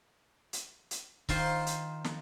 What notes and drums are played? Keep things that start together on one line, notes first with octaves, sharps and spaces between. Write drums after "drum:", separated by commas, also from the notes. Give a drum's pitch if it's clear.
drum: hi-hat
drum: hi-hat
D#3 F4 C5, drum: kick C#1, open hi-hat
drum: hi-hat
drum: snare